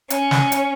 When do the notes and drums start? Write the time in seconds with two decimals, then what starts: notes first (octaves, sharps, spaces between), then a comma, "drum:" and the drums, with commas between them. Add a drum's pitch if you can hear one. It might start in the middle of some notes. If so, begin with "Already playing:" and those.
0.10 C#4, drum: hi-hat
0.31 drum: snare
0.52 drum: hi-hat